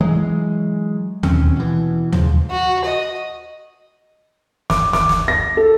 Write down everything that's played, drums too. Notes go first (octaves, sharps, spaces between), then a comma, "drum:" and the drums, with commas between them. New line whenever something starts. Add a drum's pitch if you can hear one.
E3 F#3 G#3
D#3 C4 C#4, drum: tom D#2
B2 E3
C#3 F3, drum: tom D#2
F#4
D#5
D6, drum: snare
D6, drum: snare
drum: snare
A#6
A4